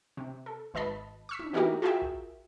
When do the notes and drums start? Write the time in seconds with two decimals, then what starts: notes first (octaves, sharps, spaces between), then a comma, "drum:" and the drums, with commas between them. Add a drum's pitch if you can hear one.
0.17 C3
0.46 A4
0.74 G#1 B4 D#5 A5 B5
1.29 C#6 E6 B6
1.39 drum: tom
1.53 E3 D#4 E4 F#4 G4 A#4
1.82 F4 F#4 G#4 A#4 E5 G5
2.02 drum: kick